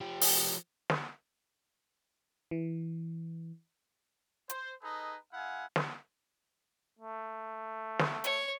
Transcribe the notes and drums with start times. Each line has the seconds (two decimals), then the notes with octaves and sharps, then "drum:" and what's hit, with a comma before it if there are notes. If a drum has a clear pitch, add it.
0.01 F3 G4
0.21 drum: open hi-hat
0.90 drum: snare
2.51 E3
4.49 C5, drum: hi-hat
4.82 D#4 G#4 A4 B4 D#5
5.32 G#3 E4 F5 F#5 G#5
5.76 drum: snare
6.99 A3
7.99 drum: snare
8.24 C#5, drum: hi-hat